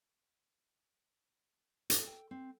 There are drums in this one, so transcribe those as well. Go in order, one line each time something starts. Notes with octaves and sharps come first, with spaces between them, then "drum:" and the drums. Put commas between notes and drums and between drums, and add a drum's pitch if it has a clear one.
A4, drum: hi-hat
G5
C4